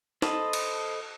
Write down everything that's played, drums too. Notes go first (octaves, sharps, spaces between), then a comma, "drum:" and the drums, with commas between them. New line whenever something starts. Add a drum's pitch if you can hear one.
A4 C5 D#5 A5 B5, drum: snare D#4
drum: cymbal